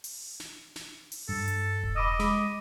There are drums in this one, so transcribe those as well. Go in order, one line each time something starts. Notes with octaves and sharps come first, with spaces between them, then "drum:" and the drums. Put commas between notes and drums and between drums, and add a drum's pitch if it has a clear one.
drum: open hi-hat
drum: snare
drum: snare
drum: open hi-hat
G2 A4
drum: hi-hat
drum: kick E1
D#5 B5 D6 E6
G#3 B5 D6, drum: snare